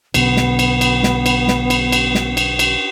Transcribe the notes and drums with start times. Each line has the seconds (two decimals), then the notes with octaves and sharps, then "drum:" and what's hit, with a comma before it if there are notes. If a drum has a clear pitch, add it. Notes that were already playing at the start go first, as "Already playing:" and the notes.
0.14 B1 D3 B3, drum: cymbal
0.37 drum: snare
0.59 drum: cymbal
0.81 drum: cymbal
1.03 drum: snare
1.26 drum: cymbal
1.48 drum: snare
1.70 drum: cymbal
1.92 drum: cymbal
2.15 drum: snare
2.37 drum: cymbal
2.59 drum: cymbal